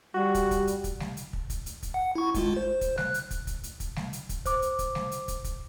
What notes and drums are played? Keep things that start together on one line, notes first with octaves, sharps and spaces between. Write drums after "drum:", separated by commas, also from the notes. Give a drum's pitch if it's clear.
G3 F#4
drum: kick, hi-hat
drum: kick, hi-hat
drum: hi-hat
drum: kick, hi-hat
drum: snare
drum: hi-hat
drum: kick
drum: kick, hi-hat
drum: hi-hat
drum: kick, hi-hat
F#5
E4 C#6
G#1 G#3 F4, drum: kick, hi-hat
C5
drum: kick, hi-hat
F#6, drum: snare
drum: hi-hat
drum: kick, hi-hat
drum: kick, hi-hat
drum: hi-hat
drum: kick, hi-hat
drum: snare
drum: hi-hat
drum: kick, hi-hat
C5 D6, drum: kick, hi-hat
drum: hi-hat
drum: kick, hi-hat
drum: snare
drum: hi-hat
drum: kick, hi-hat
drum: kick, hi-hat